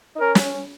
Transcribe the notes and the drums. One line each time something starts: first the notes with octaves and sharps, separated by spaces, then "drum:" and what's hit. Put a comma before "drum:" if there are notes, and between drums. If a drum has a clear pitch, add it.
D#4
C#4 A#4
drum: snare